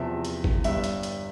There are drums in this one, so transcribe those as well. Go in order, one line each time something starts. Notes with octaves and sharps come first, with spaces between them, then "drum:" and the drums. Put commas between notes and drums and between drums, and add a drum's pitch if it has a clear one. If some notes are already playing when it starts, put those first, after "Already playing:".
Already playing: E2 C3 F3 C4 E5
drum: hi-hat
drum: kick
G1 G2 G3 E5, drum: hi-hat
drum: hi-hat
drum: hi-hat